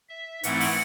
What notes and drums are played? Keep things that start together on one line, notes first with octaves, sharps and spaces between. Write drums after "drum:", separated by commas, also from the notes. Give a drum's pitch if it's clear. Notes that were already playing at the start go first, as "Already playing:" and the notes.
E5
G#2 E3 A3 C4 E4 F#5, drum: hi-hat
drum: open hi-hat